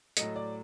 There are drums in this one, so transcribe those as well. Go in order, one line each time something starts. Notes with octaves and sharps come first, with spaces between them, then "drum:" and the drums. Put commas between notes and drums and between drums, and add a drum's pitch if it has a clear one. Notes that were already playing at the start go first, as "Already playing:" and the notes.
A2 F#3 A3 D#5, drum: hi-hat
D5